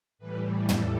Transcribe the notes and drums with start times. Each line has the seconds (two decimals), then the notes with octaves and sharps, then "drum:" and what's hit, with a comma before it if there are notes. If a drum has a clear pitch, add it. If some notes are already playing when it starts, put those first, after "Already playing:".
0.18 A2 E3 G3 B4
0.69 A4, drum: tom